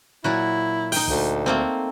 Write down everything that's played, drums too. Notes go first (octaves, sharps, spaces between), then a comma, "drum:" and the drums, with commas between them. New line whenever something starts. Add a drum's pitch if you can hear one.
A#2 F#3 E4 F#4
D#4 G5, drum: open hi-hat
D2, drum: kick
A3 A#3 C4